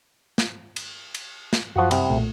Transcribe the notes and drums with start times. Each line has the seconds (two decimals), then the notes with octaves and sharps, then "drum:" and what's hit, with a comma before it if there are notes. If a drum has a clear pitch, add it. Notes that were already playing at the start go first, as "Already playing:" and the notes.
0.38 drum: snare
0.76 drum: cymbal
1.14 drum: cymbal
1.53 drum: snare
1.76 F#2 F3 F#4 F#5 D#6
1.91 C2 C3, drum: cymbal
2.10 B1 A#2 A3